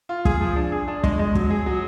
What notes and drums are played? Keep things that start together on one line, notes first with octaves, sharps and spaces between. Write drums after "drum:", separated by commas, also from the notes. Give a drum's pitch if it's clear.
F4
G#4, drum: kick
F3
D4
G#4
D4
G#3, drum: kick
G#3
F#3, drum: kick
G#4
F#3